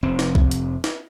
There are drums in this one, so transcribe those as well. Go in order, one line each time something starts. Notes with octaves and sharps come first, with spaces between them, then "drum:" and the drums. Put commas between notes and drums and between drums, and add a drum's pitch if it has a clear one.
F1 C4
drum: snare
drum: kick
drum: hi-hat
drum: snare